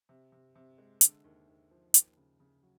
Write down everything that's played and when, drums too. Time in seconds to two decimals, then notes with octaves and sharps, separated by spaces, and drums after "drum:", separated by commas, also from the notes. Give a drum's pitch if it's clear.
0.09 C3
0.32 C3
0.55 C3
0.78 G#3
1.01 D3, drum: hi-hat
1.24 D#2
1.48 D#2
1.71 F3
1.94 D#2, drum: hi-hat
2.17 C#3
2.40 C#3
2.63 F#3